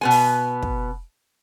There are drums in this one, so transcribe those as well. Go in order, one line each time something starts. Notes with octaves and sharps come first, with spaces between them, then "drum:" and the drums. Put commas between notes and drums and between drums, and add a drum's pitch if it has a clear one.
B2 B3 G#5
drum: open hi-hat
drum: kick